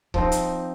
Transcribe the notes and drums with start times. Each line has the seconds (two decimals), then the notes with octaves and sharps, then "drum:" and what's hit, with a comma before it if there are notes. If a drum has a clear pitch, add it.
0.14 F3 C4 D#4, drum: kick C#1
0.32 drum: hi-hat